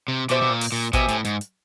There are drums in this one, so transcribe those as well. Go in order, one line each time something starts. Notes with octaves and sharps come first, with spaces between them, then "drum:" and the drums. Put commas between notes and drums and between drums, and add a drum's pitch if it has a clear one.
C3
B2 D4 G4 C5 E5, drum: hi-hat
B2
A#2
drum: open hi-hat
A#2
B2 G4 C5 E5 G#5, drum: kick, hi-hat
A2, drum: hi-hat
G#2, drum: hi-hat
drum: hi-hat